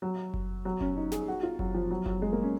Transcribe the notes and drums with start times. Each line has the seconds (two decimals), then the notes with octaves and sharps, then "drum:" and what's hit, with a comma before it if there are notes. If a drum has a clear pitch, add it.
0.02 F#3
0.34 drum: kick F#1
0.65 F#3
0.81 C#4, drum: kick F#1
0.97 D#4
1.12 G#4, drum: snare
1.28 F#4
1.43 F4
1.59 F#3, drum: kick F#1
1.75 F3
1.91 F#3
2.06 F#3, drum: kick F#1
2.22 G#3
2.33 A#3
2.43 C#4